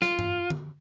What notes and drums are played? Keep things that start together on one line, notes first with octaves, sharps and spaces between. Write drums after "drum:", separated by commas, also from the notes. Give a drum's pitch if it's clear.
F4, drum: snare
drum: tom G2
drum: tom D3